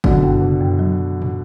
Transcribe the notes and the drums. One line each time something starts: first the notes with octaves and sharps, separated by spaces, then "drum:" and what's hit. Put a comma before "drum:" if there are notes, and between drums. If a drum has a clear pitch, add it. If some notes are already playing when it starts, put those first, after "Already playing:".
B2 D3 F#3, drum: kick
F#2
C#3
F#2
F#3
drum: tom